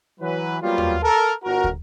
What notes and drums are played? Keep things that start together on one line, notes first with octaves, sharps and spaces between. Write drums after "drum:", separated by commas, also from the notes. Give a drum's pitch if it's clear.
E3 F#3 B4
F#3 G3 A#3 B3 F4
drum: tom D#2
A4 A#4
G1 F#4 A#4
drum: kick